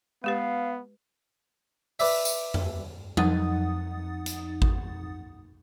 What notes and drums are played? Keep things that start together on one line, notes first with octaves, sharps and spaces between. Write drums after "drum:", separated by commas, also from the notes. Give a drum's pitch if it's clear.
G#3 B3 G4 B4 F5
B4 D5 E5, drum: open hi-hat
drum: tambourine
drum: tom F2
F2 D#4 F#5 D#6 A6, drum: tom F#3
drum: hi-hat
drum: kick G#1